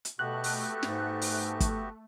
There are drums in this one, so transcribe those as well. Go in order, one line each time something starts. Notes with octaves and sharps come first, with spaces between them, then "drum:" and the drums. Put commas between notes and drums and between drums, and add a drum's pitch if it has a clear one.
drum: hi-hat
B2 A3 B3 F#4 G4 F#6
drum: open hi-hat
G#2, drum: snare
drum: open hi-hat
drum: kick, hi-hat